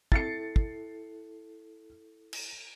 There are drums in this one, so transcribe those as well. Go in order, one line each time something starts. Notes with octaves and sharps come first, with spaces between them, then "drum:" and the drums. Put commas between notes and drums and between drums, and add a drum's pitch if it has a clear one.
E4 A4 A6 C7 C#7, drum: kick
drum: kick
drum: cymbal